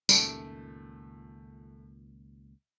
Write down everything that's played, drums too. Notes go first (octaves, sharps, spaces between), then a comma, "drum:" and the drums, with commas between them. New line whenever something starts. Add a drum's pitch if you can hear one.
C#2 F#2 A#2 D#3 G3 A3, drum: tambourine